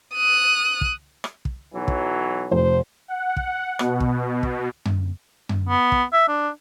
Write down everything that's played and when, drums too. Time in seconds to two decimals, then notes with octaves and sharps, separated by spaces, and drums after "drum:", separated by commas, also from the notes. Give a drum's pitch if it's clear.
0.16 D#6 F#6
0.81 drum: kick
1.24 drum: rim click
1.45 drum: kick
1.74 B1 E3 F#3
1.88 drum: kick
2.51 F1 C5
3.08 F#5
3.37 drum: kick
3.79 B2, drum: rim click
4.00 drum: kick
4.43 drum: kick
4.85 drum: tom F#2
5.49 drum: tom F#2
5.69 B3
5.92 drum: kick
6.13 E5
6.28 D4